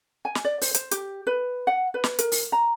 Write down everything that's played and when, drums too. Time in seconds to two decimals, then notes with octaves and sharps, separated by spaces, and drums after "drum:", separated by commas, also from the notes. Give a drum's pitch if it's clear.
0.25 G#5
0.35 drum: snare
0.45 D5
0.61 C5, drum: open hi-hat
0.74 C5, drum: hi-hat
0.91 G4, drum: hi-hat
1.27 B4
1.67 F#5
1.94 B4
2.04 drum: snare
2.19 A#4, drum: hi-hat
2.32 drum: open hi-hat
2.52 A#5